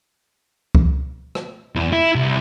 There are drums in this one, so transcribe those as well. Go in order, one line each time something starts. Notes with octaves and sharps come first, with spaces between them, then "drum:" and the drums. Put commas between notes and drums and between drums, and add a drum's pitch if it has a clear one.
drum: kick C#2
drum: rim click
E2
E4
C2